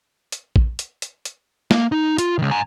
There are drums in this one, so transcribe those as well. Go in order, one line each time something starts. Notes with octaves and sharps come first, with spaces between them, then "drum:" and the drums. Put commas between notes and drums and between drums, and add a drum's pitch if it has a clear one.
drum: hi-hat
drum: kick A#1
drum: hi-hat
drum: hi-hat
drum: hi-hat
A#3, drum: snare
D#4
F4, drum: hi-hat
C#2 D#3
G#5 A#5